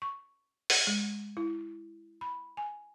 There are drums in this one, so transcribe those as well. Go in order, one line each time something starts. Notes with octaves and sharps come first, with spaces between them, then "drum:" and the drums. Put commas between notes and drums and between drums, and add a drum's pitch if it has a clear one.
C#6
F#5, drum: open hi-hat
G#3
E4
B5
G#5